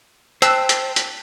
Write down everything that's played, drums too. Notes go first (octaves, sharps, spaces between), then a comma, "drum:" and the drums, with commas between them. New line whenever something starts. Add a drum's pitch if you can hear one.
C5 G5 A5 E6 F#6, drum: hi-hat
drum: hi-hat
drum: hi-hat